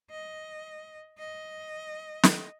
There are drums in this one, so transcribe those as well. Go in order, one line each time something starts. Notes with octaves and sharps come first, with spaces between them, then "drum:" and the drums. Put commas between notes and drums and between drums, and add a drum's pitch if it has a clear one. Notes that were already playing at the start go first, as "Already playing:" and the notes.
D#5
D#5
drum: snare